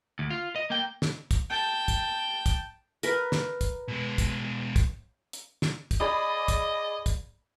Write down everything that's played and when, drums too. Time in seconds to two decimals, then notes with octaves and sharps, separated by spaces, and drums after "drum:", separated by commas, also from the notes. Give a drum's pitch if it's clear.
0.19 D2
0.30 F4
0.56 D#5
0.70 A#3 G5
1.02 drum: snare
1.31 drum: kick, hi-hat
1.50 G5 A5
1.88 drum: kick, hi-hat
2.46 drum: kick, hi-hat
3.03 A#4 B4, drum: hi-hat
3.32 drum: snare
3.61 drum: kick, hi-hat
3.88 B2 G#3
4.18 drum: kick, hi-hat
4.76 drum: kick, hi-hat
5.33 drum: hi-hat
5.62 drum: snare
5.91 drum: kick, hi-hat
6.01 G#4 D5 D#5 B5
6.48 drum: kick, hi-hat
7.06 drum: kick, hi-hat